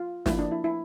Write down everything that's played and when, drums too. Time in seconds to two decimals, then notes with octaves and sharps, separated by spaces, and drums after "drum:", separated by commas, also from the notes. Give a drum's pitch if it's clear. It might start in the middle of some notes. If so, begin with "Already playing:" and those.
Already playing: F4
0.26 F3 A#3 E4, drum: snare
0.39 D4
0.51 E4
0.64 E4